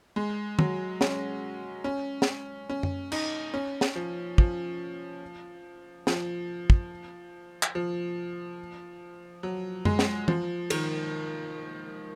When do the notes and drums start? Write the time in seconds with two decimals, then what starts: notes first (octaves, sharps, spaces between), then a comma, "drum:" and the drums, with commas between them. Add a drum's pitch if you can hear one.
0.16 G#3
0.59 F#3, drum: tom
1.01 C#4, drum: snare
1.84 C#4
2.22 drum: snare
2.70 C#4
2.83 drum: tom
3.12 D#4, drum: cymbal
3.54 C#4
3.81 drum: snare
3.95 F3
4.38 F3, drum: kick
6.07 F3, drum: snare
6.70 drum: kick
7.63 drum: clap
7.75 F3
9.43 F#3
9.85 G#3, drum: tom
9.99 drum: snare
10.28 F3, drum: tom
10.70 D#3, drum: cymbal